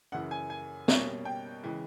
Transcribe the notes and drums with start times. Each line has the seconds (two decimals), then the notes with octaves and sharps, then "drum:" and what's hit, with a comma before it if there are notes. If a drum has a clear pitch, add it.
0.12 F#2 C#3 E3 F#5
0.31 G#5
0.50 G#5
0.88 B2 G3 A#3 C#4, drum: snare
1.25 G5
1.63 C#3 E3 G#3